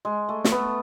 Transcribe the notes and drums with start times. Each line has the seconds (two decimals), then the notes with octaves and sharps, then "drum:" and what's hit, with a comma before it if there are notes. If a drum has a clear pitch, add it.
0.05 G#3
0.29 A3
0.44 A3, drum: snare
0.52 B3